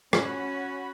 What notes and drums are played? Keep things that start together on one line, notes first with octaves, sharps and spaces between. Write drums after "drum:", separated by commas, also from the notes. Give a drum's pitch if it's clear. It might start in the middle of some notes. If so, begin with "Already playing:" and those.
C#4 F#4 C#5 B5, drum: rim click